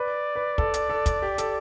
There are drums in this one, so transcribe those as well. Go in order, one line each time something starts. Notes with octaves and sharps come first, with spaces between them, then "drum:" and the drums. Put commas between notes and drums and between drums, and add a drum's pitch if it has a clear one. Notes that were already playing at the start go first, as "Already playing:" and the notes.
Already playing: B4 D5
B4
A4, drum: kick
drum: hi-hat
A4
drum: kick, hi-hat
G4
A4, drum: hi-hat